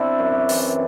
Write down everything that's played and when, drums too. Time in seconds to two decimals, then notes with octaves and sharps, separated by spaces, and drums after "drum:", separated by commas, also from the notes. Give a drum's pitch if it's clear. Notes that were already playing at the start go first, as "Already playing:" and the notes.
Already playing: C4 D4 E4
0.19 F#2
0.49 E3, drum: open hi-hat